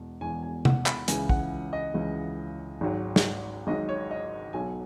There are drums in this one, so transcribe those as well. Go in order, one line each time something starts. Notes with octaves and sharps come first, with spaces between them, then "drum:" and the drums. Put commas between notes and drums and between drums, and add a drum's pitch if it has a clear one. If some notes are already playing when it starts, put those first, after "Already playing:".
Already playing: E1 E2 B2
E1 E2 B2 G#5
G#5
F#5, drum: tom C3
B5, drum: clap
C#2 C#3 E3 G#5, drum: hi-hat
F#5, drum: kick
D#5
C#2 C#3 E3
G#1 G#2 F#3
drum: snare
G#1 G#2 F#3 D#5
C#5
D#5
B1 B2 F#3 G#5